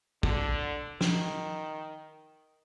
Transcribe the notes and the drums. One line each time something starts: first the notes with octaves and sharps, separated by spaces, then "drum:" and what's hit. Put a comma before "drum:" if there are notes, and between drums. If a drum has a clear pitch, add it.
D3, drum: kick
D#3, drum: snare